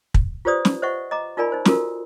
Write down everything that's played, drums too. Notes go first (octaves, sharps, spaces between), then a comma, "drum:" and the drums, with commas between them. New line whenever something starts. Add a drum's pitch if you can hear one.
drum: kick
F4 G4 B4 C5 D5 D#6
drum: snare
C5 D#5 E5 F#5 C#6
D#5 A#5 D6
D#4 F4 A#4 D5 G#5 B5
D#4 C5
F4 F#4 A4 A#4, drum: snare